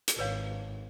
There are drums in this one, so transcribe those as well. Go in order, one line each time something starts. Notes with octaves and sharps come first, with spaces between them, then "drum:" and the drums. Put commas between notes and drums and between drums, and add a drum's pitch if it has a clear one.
drum: hi-hat
G#1 B4 C#5 F5